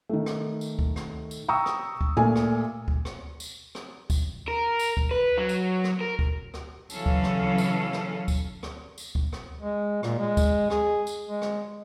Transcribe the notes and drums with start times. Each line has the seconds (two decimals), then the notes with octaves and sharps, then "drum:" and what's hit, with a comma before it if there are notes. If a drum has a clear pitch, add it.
0.09 D#3 A3
0.26 drum: rim click
0.61 drum: tambourine
0.79 drum: kick D2
0.96 drum: rim click
1.31 drum: tambourine
1.48 G5 A#5 C#6 D#6 E6
1.66 drum: rim click
2.01 drum: kick D2
2.17 A#2 A3 G#5
2.36 drum: rim click
2.88 drum: kick D2
3.05 drum: rim click
3.40 drum: tambourine
3.75 drum: rim click
4.10 drum: kick D2, tambourine
4.48 A#4
4.79 drum: tambourine
4.97 drum: kick D2
5.11 B4
5.38 F#3
5.49 drum: tambourine
5.84 drum: rim click
6.01 A#4
6.19 drum: kick D2
6.54 drum: rim click
6.90 C#3 E3 F#3 C#4 A4 F5, drum: tambourine
7.06 drum: kick D2
7.23 drum: rim click
7.58 drum: tambourine
7.93 drum: rim click
8.28 drum: kick D2, tambourine
8.63 drum: rim click
8.98 drum: tambourine
9.15 drum: kick D2
9.33 drum: rim click
9.61 G#3
10.03 A#2, drum: rim click
10.19 G#3
10.37 drum: kick D2, tambourine
10.70 G#4, drum: rim click
11.07 drum: tambourine
11.29 G#3
11.42 drum: rim click